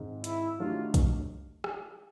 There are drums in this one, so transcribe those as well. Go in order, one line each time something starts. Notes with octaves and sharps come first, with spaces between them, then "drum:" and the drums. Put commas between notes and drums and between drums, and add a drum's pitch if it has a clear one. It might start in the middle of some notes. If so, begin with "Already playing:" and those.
Already playing: G#2 D#3 G#3 C4 D#4
E4, drum: hi-hat
D#3 F#3 A3 D4 F4 G4
drum: kick, hi-hat
drum: rim click